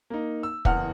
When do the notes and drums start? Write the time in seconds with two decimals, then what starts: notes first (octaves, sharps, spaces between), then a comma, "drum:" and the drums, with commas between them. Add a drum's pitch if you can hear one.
0.10 A#3 D#4
0.43 E6
0.65 F#1 E2 F#5 F6, drum: kick